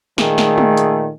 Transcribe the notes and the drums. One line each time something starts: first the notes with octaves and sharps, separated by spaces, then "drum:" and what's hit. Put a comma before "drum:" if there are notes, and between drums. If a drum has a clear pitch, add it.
A#2 D#3 A3 G#4, drum: snare
drum: snare
drum: tom
drum: hi-hat